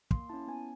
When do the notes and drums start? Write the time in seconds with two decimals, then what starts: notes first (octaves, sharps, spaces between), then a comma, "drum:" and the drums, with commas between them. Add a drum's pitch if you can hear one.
0.11 A#3 C6, drum: kick
0.29 C#4 E4 A5
0.48 B3 G#5